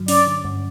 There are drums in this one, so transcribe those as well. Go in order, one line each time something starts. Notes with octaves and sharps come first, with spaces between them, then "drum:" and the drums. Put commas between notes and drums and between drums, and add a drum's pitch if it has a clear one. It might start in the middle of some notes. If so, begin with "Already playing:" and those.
Already playing: G2 D3 F#3
C#4 D5, drum: open hi-hat
D3
G2